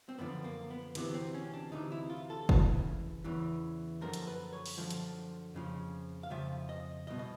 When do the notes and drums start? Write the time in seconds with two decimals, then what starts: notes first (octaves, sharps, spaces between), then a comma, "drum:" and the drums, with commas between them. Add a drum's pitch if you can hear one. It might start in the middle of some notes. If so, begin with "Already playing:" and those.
0.09 C4
0.19 F#2 D3 F3 B3
0.44 A#3
0.70 B3
0.95 D2 C3 E3 B3, drum: cymbal
1.14 C4
1.34 C#4
1.53 D4
1.72 D2 C3 E3 D#4
1.92 E4
2.10 F4
2.30 A4
2.49 E2 C#3 E3, drum: kick
3.24 E2 C#3 E3
4.01 F#2 D3 F3 A#4
4.14 drum: hi-hat
4.27 B4
4.53 C#5
4.66 drum: open hi-hat
4.78 F#2 D3 F3
4.91 drum: hi-hat
5.54 F2 C#3 F3
6.23 F5
6.30 F2 C#3 F3 E5
6.69 D#5
7.07 C2 B2 D#5
7.19 D#5